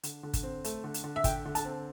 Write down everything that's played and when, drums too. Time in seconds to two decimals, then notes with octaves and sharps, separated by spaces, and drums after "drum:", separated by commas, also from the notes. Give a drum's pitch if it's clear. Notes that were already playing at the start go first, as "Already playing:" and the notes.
0.03 D3, drum: hi-hat
0.23 D3
0.33 drum: kick, hi-hat
0.43 C4
0.64 A3, drum: hi-hat
0.84 D3
0.94 drum: hi-hat
1.04 D3
1.16 E5
1.24 D3 G5, drum: kick, hi-hat
1.45 D3
1.55 A5, drum: hi-hat
1.65 C4